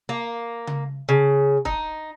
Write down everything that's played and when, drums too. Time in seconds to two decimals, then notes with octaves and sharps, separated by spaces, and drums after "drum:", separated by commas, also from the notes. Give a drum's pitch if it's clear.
0.09 A#3
0.67 drum: tom C#3
1.09 C#3
1.65 D#4, drum: kick